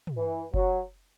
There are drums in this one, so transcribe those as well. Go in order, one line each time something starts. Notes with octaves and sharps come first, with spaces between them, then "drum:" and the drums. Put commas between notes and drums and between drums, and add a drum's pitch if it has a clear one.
drum: tom
E3
F#3, drum: kick F#1